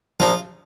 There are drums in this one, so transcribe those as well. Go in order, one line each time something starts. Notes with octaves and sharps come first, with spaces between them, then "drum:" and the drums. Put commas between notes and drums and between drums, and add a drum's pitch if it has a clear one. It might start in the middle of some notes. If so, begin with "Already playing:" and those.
A#1 A#2 F3 F4, drum: snare